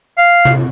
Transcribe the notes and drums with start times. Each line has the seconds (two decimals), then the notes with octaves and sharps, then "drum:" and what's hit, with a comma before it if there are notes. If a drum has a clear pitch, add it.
0.18 F5
0.45 drum: tom C3